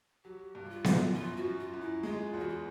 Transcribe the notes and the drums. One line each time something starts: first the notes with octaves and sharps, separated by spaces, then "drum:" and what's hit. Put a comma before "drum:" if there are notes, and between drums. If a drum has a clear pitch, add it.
F#3 G4
G2
F#4
F4
F#3, drum: snare B3
F#2 F4
F#4
F#2
F4
F#2
E4
G#3 F4
E2
F#4
F4